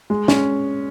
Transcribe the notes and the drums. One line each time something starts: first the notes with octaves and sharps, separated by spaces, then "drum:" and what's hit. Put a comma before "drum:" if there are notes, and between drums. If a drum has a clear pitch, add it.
G#3
C#4, drum: snare